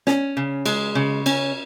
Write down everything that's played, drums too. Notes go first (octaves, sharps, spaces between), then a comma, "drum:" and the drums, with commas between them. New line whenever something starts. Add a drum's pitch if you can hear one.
C#4, drum: snare
C#3
G#3, drum: cymbal
C#3
C#4, drum: cymbal